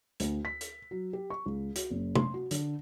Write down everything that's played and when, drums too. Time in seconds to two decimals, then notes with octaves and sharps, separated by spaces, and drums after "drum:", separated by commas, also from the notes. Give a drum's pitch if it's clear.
0.20 D2, drum: hi-hat
0.45 B6
0.61 drum: hi-hat
0.91 F#3
1.13 G4
1.30 C#6
1.46 C#2
1.76 F#4, drum: hi-hat
1.90 F#1
2.15 C6, drum: tom
2.34 F#4
2.51 D3, drum: hi-hat